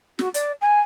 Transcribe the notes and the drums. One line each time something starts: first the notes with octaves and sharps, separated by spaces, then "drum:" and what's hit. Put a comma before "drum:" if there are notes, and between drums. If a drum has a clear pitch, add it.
F#4, drum: snare
D5, drum: hi-hat
G#5